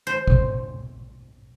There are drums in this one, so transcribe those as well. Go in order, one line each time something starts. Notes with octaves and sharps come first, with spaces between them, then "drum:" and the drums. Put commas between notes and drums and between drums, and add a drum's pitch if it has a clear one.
C5
drum: kick